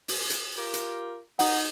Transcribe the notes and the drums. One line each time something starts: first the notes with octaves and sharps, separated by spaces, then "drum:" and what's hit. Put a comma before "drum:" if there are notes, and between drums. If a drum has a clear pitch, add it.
drum: open hi-hat
drum: hi-hat
F4 G4 A#4
drum: hi-hat
D#4 F#5, drum: open hi-hat